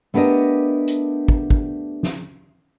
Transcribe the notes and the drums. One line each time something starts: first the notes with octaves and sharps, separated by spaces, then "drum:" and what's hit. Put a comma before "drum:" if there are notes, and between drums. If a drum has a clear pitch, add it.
A3 B3 D4 G4 A#4 D#5
drum: hi-hat
drum: kick
drum: kick
drum: snare